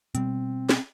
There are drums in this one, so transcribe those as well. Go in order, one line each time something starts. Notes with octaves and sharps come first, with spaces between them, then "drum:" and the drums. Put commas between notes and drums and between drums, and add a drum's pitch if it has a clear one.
B2 G3 C4, drum: hi-hat
drum: snare